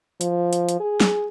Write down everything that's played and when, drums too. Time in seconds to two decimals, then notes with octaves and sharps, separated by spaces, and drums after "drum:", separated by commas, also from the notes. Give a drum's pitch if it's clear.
0.21 F3, drum: hi-hat
0.53 drum: hi-hat
0.69 drum: hi-hat
0.80 G#4
1.00 drum: snare